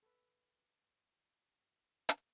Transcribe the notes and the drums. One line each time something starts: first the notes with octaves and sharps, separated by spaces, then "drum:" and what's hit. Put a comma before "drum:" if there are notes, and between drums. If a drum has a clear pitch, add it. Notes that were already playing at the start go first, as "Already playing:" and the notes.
A4 B4
drum: hi-hat